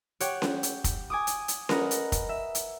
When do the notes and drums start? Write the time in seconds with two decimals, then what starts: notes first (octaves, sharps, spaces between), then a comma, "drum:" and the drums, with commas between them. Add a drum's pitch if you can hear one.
0.20 G4 C#5 F#5, drum: hi-hat
0.42 drum: snare C#4
0.63 drum: hi-hat
0.84 drum: kick, hi-hat
1.10 G#5 D6 D#6
1.27 drum: hi-hat
1.48 drum: hi-hat
1.69 A#4 B4 D#5 F#5 A#5, drum: snare C#4
1.91 drum: hi-hat
2.12 drum: kick, hi-hat
2.29 E5
2.55 drum: hi-hat